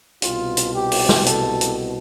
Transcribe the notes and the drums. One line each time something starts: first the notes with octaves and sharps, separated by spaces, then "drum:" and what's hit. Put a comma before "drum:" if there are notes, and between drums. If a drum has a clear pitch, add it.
C2 B2 F4, drum: hi-hat
drum: hi-hat
G4
drum: open hi-hat
drum: snare
A4, drum: hi-hat
drum: hi-hat